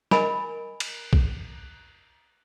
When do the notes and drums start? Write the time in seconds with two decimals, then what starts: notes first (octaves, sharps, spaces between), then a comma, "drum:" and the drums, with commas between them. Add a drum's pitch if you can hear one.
0.11 A#4 D#5 G#5 B5, drum: snare
0.80 drum: cymbal
1.13 drum: kick B1